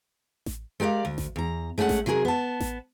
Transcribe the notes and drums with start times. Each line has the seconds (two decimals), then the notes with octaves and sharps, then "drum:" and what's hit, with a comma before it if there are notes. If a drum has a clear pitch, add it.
0.46 drum: snare A1
0.80 G#3 G4 A#4 D5 F5
1.05 D2
1.18 drum: snare A1
1.36 E2 A#5
1.78 G#3 A3 C#4 G4 F#5
1.89 drum: snare A1
2.06 C3 F#3 G4 G#4 A#4
2.25 B3 A5
2.60 drum: snare A1